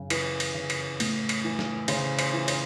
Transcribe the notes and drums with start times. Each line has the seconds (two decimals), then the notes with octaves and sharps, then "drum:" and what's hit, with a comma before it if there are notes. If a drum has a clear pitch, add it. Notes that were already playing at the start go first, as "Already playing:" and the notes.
Already playing: F#2 C#3
0.10 E3 B4, drum: cymbal
0.40 drum: cymbal
0.54 C#3
0.70 drum: cymbal
1.00 A2, drum: cymbal
1.29 drum: cymbal
1.44 E3
1.59 drum: snare
1.88 C#3 C5, drum: cymbal
2.19 C5, drum: cymbal
2.33 E3
2.48 C5, drum: cymbal